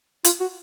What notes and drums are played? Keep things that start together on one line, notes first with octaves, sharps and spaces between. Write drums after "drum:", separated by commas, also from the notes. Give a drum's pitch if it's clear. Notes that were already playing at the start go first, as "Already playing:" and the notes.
F4, drum: hi-hat
F#4